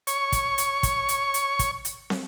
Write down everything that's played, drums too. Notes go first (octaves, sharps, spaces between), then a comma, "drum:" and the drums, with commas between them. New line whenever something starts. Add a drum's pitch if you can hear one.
C#5 C#6, drum: hi-hat
drum: kick, hi-hat
drum: hi-hat
drum: kick, hi-hat
drum: hi-hat
drum: hi-hat
drum: kick, hi-hat
drum: hi-hat
drum: snare